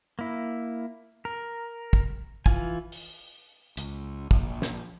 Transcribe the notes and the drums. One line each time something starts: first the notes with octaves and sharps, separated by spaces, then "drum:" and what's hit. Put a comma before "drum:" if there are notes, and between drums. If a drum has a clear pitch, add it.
A#3 E4
A#4
drum: kick
E3 F4 G#5, drum: kick
drum: open hi-hat
C#2, drum: hi-hat
A#1, drum: kick
drum: snare